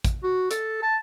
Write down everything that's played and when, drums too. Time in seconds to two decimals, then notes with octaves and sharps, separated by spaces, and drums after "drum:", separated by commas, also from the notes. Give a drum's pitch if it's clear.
0.05 drum: kick, hi-hat
0.23 F#4
0.51 A4, drum: hi-hat
0.82 A5